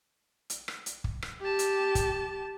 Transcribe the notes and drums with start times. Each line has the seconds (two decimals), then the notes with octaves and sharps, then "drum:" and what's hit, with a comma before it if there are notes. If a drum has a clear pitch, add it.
0.50 drum: hi-hat
0.68 drum: rim click
0.86 drum: hi-hat
1.04 drum: kick
1.22 drum: rim click
1.41 G4 A5
1.59 drum: hi-hat
1.95 drum: kick, hi-hat